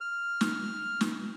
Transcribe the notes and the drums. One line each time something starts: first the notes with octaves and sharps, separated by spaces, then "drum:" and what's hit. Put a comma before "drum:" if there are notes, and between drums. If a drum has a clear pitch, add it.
F6
drum: snare
drum: snare